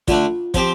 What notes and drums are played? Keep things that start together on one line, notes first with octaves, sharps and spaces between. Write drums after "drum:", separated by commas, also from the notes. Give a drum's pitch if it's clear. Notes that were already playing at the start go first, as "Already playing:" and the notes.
D3 A3 D4 F4, drum: kick, hi-hat
F3 C4 G4, drum: kick, hi-hat